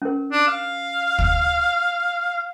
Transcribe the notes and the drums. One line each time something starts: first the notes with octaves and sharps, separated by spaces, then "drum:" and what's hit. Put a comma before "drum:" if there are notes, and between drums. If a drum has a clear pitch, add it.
C#4 A#4
D4
F5
drum: kick